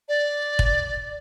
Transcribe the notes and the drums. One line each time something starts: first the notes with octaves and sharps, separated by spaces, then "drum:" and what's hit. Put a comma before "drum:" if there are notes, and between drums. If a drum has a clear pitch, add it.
D5
drum: kick